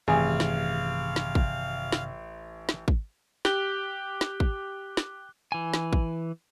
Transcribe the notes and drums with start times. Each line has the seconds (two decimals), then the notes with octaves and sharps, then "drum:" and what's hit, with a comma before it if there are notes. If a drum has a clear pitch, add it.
0.08 A1 G2 C3 D#3 G#4 F5
0.40 drum: snare
1.16 drum: snare
1.35 drum: kick
1.92 drum: snare
2.69 drum: snare
2.88 drum: kick
3.45 G4 D6 F#6 G7, drum: snare
4.21 drum: snare
4.40 drum: kick
4.97 drum: snare
5.52 E3 G#5
5.74 drum: snare
5.93 drum: kick